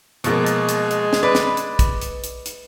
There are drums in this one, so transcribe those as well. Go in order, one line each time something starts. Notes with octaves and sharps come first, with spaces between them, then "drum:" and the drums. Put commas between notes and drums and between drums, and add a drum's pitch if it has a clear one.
B2 F3 G#3 A#3, drum: hi-hat
drum: hi-hat
drum: hi-hat
drum: hi-hat
drum: snare
B4 D5
drum: snare
drum: hi-hat
drum: kick, hi-hat
drum: hi-hat
drum: hi-hat
drum: hi-hat